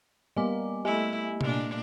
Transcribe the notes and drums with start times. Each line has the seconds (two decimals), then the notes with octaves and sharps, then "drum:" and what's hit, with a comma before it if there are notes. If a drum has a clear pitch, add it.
0.37 G3 A#3 B3 D#5 G#5 D6
0.85 A3 E4 G4 D#5 G#5
1.41 A#2 D4, drum: tom C3